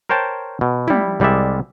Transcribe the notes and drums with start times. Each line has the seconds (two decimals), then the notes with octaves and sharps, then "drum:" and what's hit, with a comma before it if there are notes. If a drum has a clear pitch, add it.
0.09 A#4 C5 C#5 G5 A5
0.61 B2
0.88 G3 E4, drum: tom
1.20 C2 G3 G#3 D5 E5